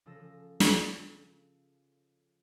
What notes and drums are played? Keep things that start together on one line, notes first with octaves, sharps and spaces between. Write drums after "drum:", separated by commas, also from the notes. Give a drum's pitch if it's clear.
C#3 F3 A4 E6 A#6
drum: snare